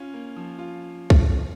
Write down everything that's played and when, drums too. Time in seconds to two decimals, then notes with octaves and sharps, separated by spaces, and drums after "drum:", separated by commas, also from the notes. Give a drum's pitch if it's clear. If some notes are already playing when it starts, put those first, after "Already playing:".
Already playing: C#4 F4
0.14 A#3
0.36 F3
0.59 F4
1.10 drum: kick